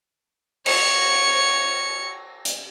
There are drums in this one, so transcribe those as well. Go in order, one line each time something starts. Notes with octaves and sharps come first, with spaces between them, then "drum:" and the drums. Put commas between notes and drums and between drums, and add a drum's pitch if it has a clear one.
C#5 C#7, drum: cymbal
drum: hi-hat